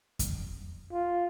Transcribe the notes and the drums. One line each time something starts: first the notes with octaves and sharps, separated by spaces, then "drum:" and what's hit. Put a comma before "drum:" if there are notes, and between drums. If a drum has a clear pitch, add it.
drum: kick F2, hi-hat
F4